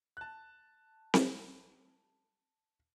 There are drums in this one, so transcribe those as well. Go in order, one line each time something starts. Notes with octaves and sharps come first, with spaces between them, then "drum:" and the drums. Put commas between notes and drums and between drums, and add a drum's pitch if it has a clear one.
A5 F#6
drum: snare C4